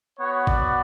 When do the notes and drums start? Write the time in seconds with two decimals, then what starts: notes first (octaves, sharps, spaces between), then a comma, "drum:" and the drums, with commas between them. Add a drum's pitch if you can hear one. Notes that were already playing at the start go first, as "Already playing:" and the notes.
0.19 B3 F#4 C#5
0.47 D5, drum: kick G#1